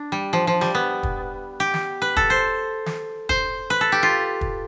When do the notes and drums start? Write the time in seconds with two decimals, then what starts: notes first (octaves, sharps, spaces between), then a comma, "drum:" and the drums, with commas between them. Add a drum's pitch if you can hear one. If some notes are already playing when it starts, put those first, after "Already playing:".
Already playing: D4
0.12 G3
0.33 F3
0.47 F3
0.61 G3, drum: snare
0.75 B3
1.03 drum: kick
1.60 G4
1.74 drum: snare
2.02 B4
2.16 A4, drum: kick
2.30 C5
2.86 drum: snare
3.29 C5, drum: kick
3.70 B4
3.81 A4
3.92 G4
4.03 F4
4.41 drum: kick